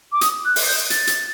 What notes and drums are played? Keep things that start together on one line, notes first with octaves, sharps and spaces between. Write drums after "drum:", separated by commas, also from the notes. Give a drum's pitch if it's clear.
D6
D#6, drum: hi-hat
F#6
drum: open hi-hat
G6
A6, drum: hi-hat
drum: hi-hat